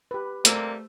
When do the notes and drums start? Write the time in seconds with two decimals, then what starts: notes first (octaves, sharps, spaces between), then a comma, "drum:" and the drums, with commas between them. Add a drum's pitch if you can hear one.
0.11 G4 B4
0.45 C3 G3 A3 A#3 C5 E6, drum: hi-hat